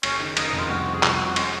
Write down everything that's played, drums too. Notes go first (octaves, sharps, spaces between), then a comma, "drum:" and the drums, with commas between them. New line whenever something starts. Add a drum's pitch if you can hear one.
F#1 C#4, drum: cymbal
D#3
F#1 D#4, drum: cymbal
D#4
F2
F4
C2 F#4
F3
G#4
C2 F#4, drum: clap
F#4
C3
F#4
G#3 C#4, drum: cymbal